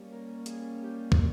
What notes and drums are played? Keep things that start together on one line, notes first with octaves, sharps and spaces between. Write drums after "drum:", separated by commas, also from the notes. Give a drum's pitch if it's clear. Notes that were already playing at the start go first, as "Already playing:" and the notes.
Already playing: G3 A#3 C#4
A#4
G#4, drum: hi-hat
G4
drum: kick